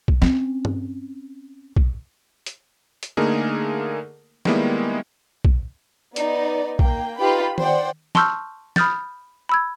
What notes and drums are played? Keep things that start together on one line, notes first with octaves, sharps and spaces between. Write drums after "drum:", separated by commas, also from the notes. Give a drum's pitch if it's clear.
drum: kick
C4 C#4, drum: snare
drum: tom G2
drum: kick
drum: hi-hat
drum: hi-hat
D3 A3 A#3 D#4 G#4 A#4
D#3 G3 G#3 A#3 B3 E4, drum: snare
drum: kick
B3 D#4 D5, drum: hi-hat
A#3 G5, drum: kick
D#4 F4 G4 B4 G5 B5
C5 D5 F#5 G5, drum: tom D#3
A5 C6 C#6 E6 F6 G6, drum: snare
B5 D#6 F6 G6 A6, drum: snare
B5 E6 G#6